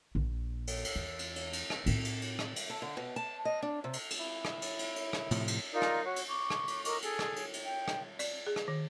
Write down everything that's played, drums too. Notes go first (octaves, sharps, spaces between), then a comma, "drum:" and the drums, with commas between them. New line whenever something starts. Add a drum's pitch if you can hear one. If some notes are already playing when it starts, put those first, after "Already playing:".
A#1 A#2
drum: cymbal
drum: cymbal
E2
drum: cymbal
drum: cymbal
drum: cymbal
drum: rim click
A2 C4, drum: cymbal
drum: cymbal
drum: cymbal
drum: rim click
drum: cymbal
A4
D3
B2
A5
D#5
D4
C3
drum: cymbal
drum: cymbal
E4
drum: rim click
drum: cymbal
drum: cymbal
drum: cymbal
drum: rim click
A2 C3 F3, drum: cymbal
drum: cymbal
D#4 F4 A#4 D5
drum: rim click
F#4 C#5
drum: cymbal
C#6 D6
drum: rim click
drum: cymbal
A#4 D#5 C#6 D6, drum: cymbal
G#4 A4, drum: cymbal
drum: rim click
drum: cymbal
drum: cymbal
G5
drum: rim click
D5, drum: cymbal
G#4
drum: rim click
D#3